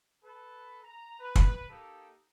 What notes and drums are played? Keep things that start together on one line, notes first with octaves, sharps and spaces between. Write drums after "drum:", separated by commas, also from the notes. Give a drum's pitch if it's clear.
A4 B4
A#5
B4
drum: kick
A#3 D#4 G4 A4